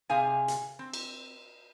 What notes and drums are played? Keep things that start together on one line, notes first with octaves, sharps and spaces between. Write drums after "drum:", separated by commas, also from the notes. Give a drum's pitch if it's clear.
C3 G#4 F5 G#5
drum: hi-hat
C4
drum: cymbal